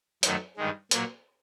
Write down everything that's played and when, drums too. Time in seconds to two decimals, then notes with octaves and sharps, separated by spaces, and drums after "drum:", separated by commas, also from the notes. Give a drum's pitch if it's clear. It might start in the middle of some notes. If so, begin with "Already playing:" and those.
0.23 F#2 D#3 F#3 A3, drum: hi-hat
0.57 G2 D#3 G#3
0.91 A#2 F#3 A#3, drum: hi-hat